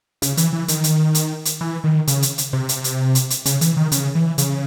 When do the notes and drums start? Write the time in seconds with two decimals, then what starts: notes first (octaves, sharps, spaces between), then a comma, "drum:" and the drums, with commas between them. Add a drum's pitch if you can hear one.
0.22 C#3, drum: hi-hat
0.37 E3, drum: hi-hat
0.53 E3
0.68 D#3, drum: hi-hat
0.84 drum: hi-hat
1.15 drum: hi-hat
1.45 drum: hi-hat
1.61 E3
1.84 D#3
2.07 C#3, drum: hi-hat
2.22 drum: hi-hat
2.38 drum: hi-hat
2.53 C3
2.69 drum: hi-hat
2.84 drum: hi-hat
3.15 drum: hi-hat
3.30 drum: hi-hat
3.46 C#3, drum: hi-hat
3.61 E3, drum: hi-hat
3.77 D#3
3.92 C#3, drum: hi-hat
4.15 E3
4.38 C#3, drum: hi-hat